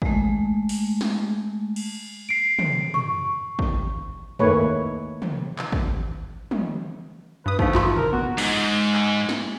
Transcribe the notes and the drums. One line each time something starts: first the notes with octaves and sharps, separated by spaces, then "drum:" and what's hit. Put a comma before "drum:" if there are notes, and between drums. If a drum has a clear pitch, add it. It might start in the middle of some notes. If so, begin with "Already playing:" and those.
G#3 A3, drum: kick
drum: open hi-hat
drum: snare
drum: cymbal
C7 D7
drum: tom
C#6, drum: tom
drum: kick
D#3 A3 A#3 B4 C#5, drum: tom
drum: tom
drum: clap
drum: kick
drum: tom
G2 B4 D#6
A3 D#4 C5 F5, drum: kick
G2 F4 C6, drum: clap
A#4, drum: tom
A1 B3 F#4
G#2, drum: cymbal
drum: clap
drum: snare